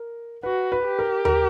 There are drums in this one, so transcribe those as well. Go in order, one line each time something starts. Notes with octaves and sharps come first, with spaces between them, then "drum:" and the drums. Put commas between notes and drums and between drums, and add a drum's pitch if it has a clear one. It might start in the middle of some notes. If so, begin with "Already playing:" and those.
Already playing: A#4
F#4 B4
B4
G4
A#4
A#4, drum: tom D#2